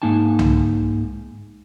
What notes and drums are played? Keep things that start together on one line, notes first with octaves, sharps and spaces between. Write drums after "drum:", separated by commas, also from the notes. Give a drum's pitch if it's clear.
G#2 A#3 D#4 G#5 A5
drum: tom C2